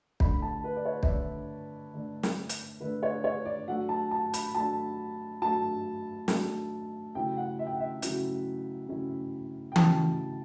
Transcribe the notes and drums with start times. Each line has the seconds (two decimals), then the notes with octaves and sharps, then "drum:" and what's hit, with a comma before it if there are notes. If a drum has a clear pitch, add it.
0.20 D3 A3 D4 B5, drum: kick
0.42 A5
0.64 B4
0.76 D5
0.85 C#5
1.03 E5, drum: kick
1.07 D3 A3 D4 D5
1.94 D3 A3 D4
2.23 drum: snare
2.49 drum: hi-hat
2.80 D3 A3 D4 B4
3.03 C#5
3.24 C#5
3.45 D5
3.68 F#3 A3 D4 F#5
3.89 A5
4.11 A5
4.33 B5, drum: hi-hat
4.55 F#3 A3 D4 A5
5.42 F#3 A3 D4 A5
6.28 F#3 A3 D4, drum: snare
7.15 C#3 F#3 A3 C#4 E4 G5
7.37 F#5
7.59 E5
7.67 G5
7.73 F#5
7.80 E5
8.02 C#3 F#3 A3 C#4 E4, drum: hi-hat
8.89 C#3 F#3 A3 C#4 E4
9.72 G5
9.76 C#3 F#3 A3 C#4 E4 A5, drum: tom E3